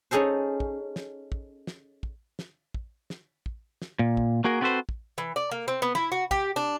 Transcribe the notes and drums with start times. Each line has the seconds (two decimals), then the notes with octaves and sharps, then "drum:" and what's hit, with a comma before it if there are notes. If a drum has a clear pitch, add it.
0.11 C#4 D#4 G#4 A4 C5
0.60 drum: kick
0.96 drum: snare
1.32 drum: kick
1.67 drum: snare
2.03 drum: kick
2.39 drum: snare
2.74 drum: kick
3.10 drum: snare
3.46 drum: kick
3.82 drum: snare
3.99 A#2
4.17 drum: kick
4.44 A#3 F#4 G#4 A#4
4.61 B3 C4 F#4 A4 B4 C5
4.89 drum: kick
5.18 E3
5.36 D5
5.51 A#3
5.68 C4
5.82 B3
5.95 E4, drum: snare
6.12 F#4
6.31 G4, drum: kick
6.56 D4